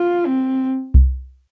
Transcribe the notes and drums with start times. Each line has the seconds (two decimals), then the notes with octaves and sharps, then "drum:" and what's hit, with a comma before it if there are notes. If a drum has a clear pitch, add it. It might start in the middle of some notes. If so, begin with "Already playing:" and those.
Already playing: F4
0.26 C4
0.94 drum: kick C2